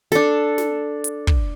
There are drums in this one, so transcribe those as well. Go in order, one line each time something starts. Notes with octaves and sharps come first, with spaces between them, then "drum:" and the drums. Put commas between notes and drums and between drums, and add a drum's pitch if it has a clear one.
D4 A4, drum: snare
drum: snare
drum: hi-hat
drum: kick